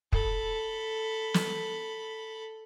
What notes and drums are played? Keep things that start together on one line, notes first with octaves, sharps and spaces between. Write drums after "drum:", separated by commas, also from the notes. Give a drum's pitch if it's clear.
A4 B5, drum: kick
drum: snare